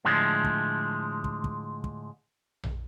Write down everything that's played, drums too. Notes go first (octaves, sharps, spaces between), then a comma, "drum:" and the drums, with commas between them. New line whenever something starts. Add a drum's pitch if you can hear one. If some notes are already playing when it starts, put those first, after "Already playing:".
A2 D3 F3 G#3
drum: kick
drum: kick
drum: kick
drum: kick
drum: tom A#1